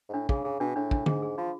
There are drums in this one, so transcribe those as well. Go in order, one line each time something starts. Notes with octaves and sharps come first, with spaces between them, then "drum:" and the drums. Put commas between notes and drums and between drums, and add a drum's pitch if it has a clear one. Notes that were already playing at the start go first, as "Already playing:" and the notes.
G#2
A2 D4
C#3 G#4, drum: kick
C#3 G#4
B2 D4
A2 D4
D4, drum: kick
G#2 G#4, drum: tom
G#4
F3 F4